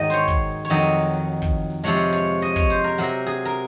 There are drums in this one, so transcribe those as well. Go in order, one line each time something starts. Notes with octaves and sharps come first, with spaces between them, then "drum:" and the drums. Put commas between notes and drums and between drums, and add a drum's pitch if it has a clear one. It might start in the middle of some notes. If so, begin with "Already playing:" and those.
Already playing: G#2 D#3 F#3 D#5
C5 C#5
drum: kick, hi-hat
C#5
F2 D#3 F#3 D#5, drum: hi-hat
drum: hi-hat
drum: hi-hat
drum: hi-hat
drum: kick, hi-hat
drum: hi-hat
C3 F3 G#3 C#5, drum: hi-hat
drum: hi-hat
C#5, drum: hi-hat
drum: hi-hat
D#5
C#5, drum: kick, hi-hat
C5
A#4, drum: hi-hat
C3 F#3 A#4, drum: hi-hat
drum: hi-hat
G#4, drum: hi-hat
A#4